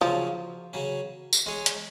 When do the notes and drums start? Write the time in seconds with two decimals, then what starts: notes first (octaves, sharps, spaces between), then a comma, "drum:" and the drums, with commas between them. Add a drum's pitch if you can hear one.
0.01 C#3 F3 F#3 C#4
0.73 C#3 F#3 C#4
1.33 drum: tambourine
1.46 G#3 C#4 G#4 C#5
1.66 drum: hi-hat